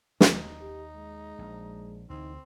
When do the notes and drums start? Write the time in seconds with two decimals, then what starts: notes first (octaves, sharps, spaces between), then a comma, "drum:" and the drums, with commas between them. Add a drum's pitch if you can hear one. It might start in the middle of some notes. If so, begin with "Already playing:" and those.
0.21 D#2 D#4, drum: snare
0.61 G4
0.96 G#3
1.39 A#1
2.10 D2 E3 C4 D#4